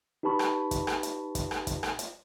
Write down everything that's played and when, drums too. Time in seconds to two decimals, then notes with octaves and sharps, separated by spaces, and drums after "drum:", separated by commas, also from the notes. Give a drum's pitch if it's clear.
0.23 D#4 G4 B4 A5 B5 C#6
0.39 drum: rim click
0.71 drum: kick, hi-hat
0.87 drum: rim click
1.03 drum: hi-hat
1.35 drum: kick, hi-hat
1.51 drum: rim click
1.67 drum: kick, hi-hat
1.83 drum: rim click
1.99 drum: hi-hat